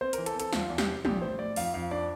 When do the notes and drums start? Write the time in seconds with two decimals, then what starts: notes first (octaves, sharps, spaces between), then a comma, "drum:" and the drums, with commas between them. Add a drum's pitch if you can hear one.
0.01 C4 C5
0.13 A#4, drum: hi-hat
0.18 E3
0.26 A4, drum: hi-hat
0.35 C4
0.40 A4, drum: hi-hat
0.53 E2 F4, drum: snare
0.70 E2
0.78 G4, drum: snare
0.88 C3
1.05 A#1 G4, drum: tom
1.22 A2 C5
1.39 A2 D5
1.56 F2 F5, drum: open hi-hat
1.74 F2 F5
1.91 D4 D5